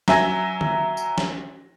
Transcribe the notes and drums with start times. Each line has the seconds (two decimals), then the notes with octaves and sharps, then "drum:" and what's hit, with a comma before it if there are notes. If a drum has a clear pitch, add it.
0.08 F#3 E5 G#5 A#6, drum: snare
0.61 drum: tom D3
0.97 drum: tambourine
1.18 drum: snare